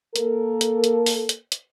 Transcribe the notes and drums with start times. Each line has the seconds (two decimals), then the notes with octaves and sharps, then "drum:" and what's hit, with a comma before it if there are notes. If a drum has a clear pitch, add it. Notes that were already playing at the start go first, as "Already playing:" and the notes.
0.16 A#3 A4 A#4, drum: hi-hat
0.61 drum: hi-hat
0.84 drum: hi-hat
1.06 drum: open hi-hat
1.29 drum: hi-hat
1.52 drum: hi-hat